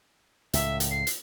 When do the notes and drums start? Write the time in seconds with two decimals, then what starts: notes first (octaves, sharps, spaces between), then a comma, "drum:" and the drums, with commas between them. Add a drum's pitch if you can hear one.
0.53 C#2 A2 E5, drum: hi-hat
0.80 drum: hi-hat
0.91 C7
1.07 drum: hi-hat